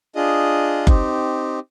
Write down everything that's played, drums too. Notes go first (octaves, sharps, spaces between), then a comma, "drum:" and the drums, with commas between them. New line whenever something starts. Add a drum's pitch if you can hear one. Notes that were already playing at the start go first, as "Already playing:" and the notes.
D4 F4 G#4 D#5
C4 D#4 G4, drum: kick F#1